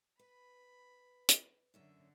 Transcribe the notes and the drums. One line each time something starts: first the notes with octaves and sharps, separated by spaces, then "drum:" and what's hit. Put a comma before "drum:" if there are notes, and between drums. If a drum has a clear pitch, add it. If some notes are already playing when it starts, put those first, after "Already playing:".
B4 B5
drum: hi-hat
F#2 D3 C#4 E5